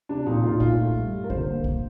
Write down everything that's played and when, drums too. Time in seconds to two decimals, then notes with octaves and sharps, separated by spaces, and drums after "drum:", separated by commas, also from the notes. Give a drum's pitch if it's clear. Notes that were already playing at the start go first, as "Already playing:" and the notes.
0.09 C3 D4
0.26 A#2 D#4
0.44 A#2 F4
0.52 D#4
0.60 A3 F4, drum: kick
0.79 A3
0.96 G2
1.12 G3
1.24 A#4
1.30 D3 C5, drum: kick
1.47 A#3
1.64 drum: kick